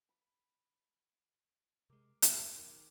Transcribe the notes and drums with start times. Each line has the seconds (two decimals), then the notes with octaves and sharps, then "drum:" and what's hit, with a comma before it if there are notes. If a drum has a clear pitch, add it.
0.09 B5
1.90 C3 G#3 A#4 D6
2.22 D2 G#3 B3 C#4 G#4 A#4, drum: hi-hat
2.55 D1 B1 D#3 C5 D6